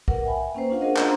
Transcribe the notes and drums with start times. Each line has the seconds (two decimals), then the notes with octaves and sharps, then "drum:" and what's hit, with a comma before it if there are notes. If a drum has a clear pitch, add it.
0.08 A#4 B4 F#5, drum: kick B1
0.24 E5 G5 G#5 B5
0.55 A#3 C#4 B4 C5
0.70 C#4 D4 F4 C5 F5 F#5
0.81 F4 G#4 A#4 D#5
0.97 C#4 D4 C5 A#5 C6, drum: clap